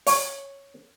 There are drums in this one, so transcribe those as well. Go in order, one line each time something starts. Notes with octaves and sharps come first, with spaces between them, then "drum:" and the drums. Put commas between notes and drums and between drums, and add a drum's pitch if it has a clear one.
C#5, drum: open hi-hat